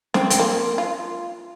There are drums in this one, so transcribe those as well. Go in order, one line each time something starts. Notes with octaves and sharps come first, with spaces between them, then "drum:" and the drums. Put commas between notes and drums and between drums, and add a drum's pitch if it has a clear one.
C4, drum: snare
C4, drum: hi-hat
A#3
F4